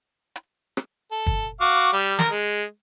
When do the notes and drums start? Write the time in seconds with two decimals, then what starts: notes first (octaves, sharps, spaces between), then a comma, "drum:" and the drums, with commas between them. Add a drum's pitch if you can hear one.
0.36 drum: hi-hat
0.77 drum: rim click
1.12 A4
1.27 drum: kick
1.61 F#4 F5 D6
1.93 G3
2.19 A#4, drum: snare
2.30 G#3